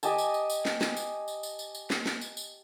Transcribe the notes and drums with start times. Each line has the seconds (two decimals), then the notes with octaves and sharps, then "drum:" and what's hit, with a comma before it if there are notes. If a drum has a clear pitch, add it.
0.03 G4 D#5 G#5 A5, drum: tambourine
0.18 drum: tambourine
0.34 drum: tambourine
0.50 drum: tambourine
0.65 drum: snare
0.81 drum: snare
0.96 drum: tambourine
1.28 drum: tambourine
1.43 drum: tambourine
1.59 drum: tambourine
1.75 drum: tambourine
1.90 drum: snare
2.06 drum: snare
2.21 drum: tambourine
2.37 drum: tambourine